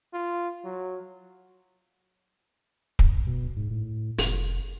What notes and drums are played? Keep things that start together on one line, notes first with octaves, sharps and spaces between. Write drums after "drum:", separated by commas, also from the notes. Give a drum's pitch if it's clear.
F4
F#3
B1, drum: kick
B2
G#2
A2
F1, drum: open hi-hat